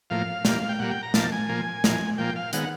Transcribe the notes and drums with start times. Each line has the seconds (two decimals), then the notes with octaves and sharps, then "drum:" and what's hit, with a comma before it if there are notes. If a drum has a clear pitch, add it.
0.10 A2 F3 A#3 F5
0.45 A#2 G3 A#3, drum: snare
0.69 G5
0.79 A#2 G3 A#3 F#5
0.91 G5
1.03 A#5
1.14 A#2 F3 A#3 A5, drum: snare
1.32 G#5
1.49 A#2 F3 A#3
1.84 A#2 F3 A#3, drum: snare
2.18 A#2 F3 A#3 G5
2.36 F5
2.53 D#3 G#3 B3 F#5, drum: hi-hat